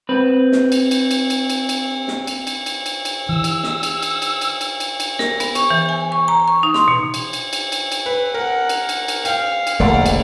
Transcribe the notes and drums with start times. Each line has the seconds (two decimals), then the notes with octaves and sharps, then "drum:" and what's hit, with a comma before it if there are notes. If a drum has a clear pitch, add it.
0.09 C4 B4
0.52 drum: snare
0.72 drum: cymbal
0.91 drum: cymbal
1.11 drum: cymbal
1.30 drum: cymbal
1.50 drum: cymbal
1.69 drum: cymbal
2.08 drum: snare
2.27 drum: cymbal
2.47 drum: cymbal
2.66 drum: cymbal
2.86 drum: cymbal
3.05 drum: cymbal
3.29 E3 E6
3.44 drum: cymbal
3.64 drum: snare
3.83 drum: cymbal
4.03 drum: cymbal
4.22 drum: cymbal
4.41 drum: cymbal
4.61 drum: cymbal
4.80 drum: cymbal
5.00 drum: cymbal
5.19 A#4, drum: snare
5.40 B3, drum: cymbal
5.55 C#6, drum: cymbal
5.70 E3
5.89 G#5
6.12 C#6
6.28 A#5
6.48 C#6
6.63 D#4
6.74 C6, drum: snare
6.88 B2
7.14 drum: cymbal
7.33 drum: cymbal
7.53 drum: cymbal
7.72 drum: cymbal
7.92 drum: cymbal
8.06 B4
8.34 A#4 F#5
8.69 drum: cymbal
8.89 drum: cymbal
9.08 drum: cymbal
9.25 F5 G5, drum: cymbal
9.67 drum: cymbal
9.79 E1 A#1 D3 A3 D5 F#5
10.06 drum: cymbal